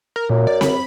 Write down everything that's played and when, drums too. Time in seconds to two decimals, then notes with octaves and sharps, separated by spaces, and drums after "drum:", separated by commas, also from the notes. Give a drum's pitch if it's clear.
0.16 A#4
0.30 F#2 A#2
0.47 D5
0.61 B5, drum: snare C4